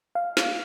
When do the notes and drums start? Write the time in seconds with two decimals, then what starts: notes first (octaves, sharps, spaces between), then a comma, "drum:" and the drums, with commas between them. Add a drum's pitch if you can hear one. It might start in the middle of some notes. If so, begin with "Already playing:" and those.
0.15 F5
0.37 drum: snare